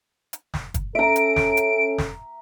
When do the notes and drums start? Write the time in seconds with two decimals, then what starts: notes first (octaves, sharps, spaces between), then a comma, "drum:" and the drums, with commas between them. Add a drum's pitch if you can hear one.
0.33 drum: hi-hat
0.54 drum: snare
0.74 drum: kick, hi-hat
0.95 C#4 A4 E5 A#5 D7
1.16 drum: hi-hat
1.36 drum: snare
1.57 drum: hi-hat
1.98 drum: snare